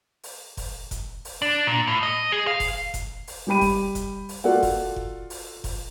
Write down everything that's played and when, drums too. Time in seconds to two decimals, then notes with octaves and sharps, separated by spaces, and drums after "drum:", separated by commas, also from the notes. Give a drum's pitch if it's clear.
0.23 drum: open hi-hat
0.57 drum: kick F1, open hi-hat
0.91 drum: kick F1, hi-hat
1.25 drum: open hi-hat
1.42 D4
1.67 A#2
1.88 A2
2.03 D#5
2.32 G#4
2.47 F5
2.60 drum: kick F1, open hi-hat
2.94 drum: kick F1, hi-hat
3.27 drum: open hi-hat
3.47 G3 G4 G5 B5 D#7
3.61 drum: kick F1, open hi-hat
3.95 drum: kick F1, hi-hat
4.29 drum: open hi-hat
4.44 F4 F#4 A4 D5 F#5
4.63 drum: kick F1, open hi-hat
4.96 drum: kick F1
5.30 drum: open hi-hat
5.64 drum: kick F1, open hi-hat